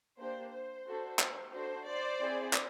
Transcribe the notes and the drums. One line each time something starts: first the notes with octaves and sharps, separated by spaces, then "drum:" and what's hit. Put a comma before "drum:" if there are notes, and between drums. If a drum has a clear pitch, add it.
A#3 D4 G4 C5
C5
D4 F#4 A4
drum: clap
D4 F#4 A4 C5
C5 D5
C4 E4 G#4
drum: clap